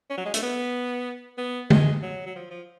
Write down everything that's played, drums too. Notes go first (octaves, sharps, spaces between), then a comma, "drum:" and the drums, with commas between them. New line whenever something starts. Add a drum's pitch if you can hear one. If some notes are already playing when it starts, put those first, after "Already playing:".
C#4
F#3
G#3
A3, drum: hi-hat
B3
B3
G#3, drum: tom
F#3
F#3
F3
F3